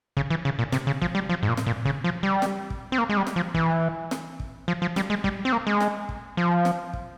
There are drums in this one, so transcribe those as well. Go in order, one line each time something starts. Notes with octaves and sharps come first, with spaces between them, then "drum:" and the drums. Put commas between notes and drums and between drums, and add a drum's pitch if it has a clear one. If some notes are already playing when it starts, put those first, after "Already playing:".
C#3, drum: kick
E3
C#3
A#2
C3, drum: snare
C#3
F3, drum: kick
G3
F3
G#2
A#2
drum: snare
A#2
C#3, drum: kick
F3
G3
drum: snare
drum: kick
C4
A#3
G#3
G3
drum: snare
F3
E3, drum: kick
drum: snare
drum: kick
F3
F3
G3, drum: snare
G#3
G3, drum: kick
C4
A#3
G#3
drum: snare
drum: kick
F3
drum: snare
drum: kick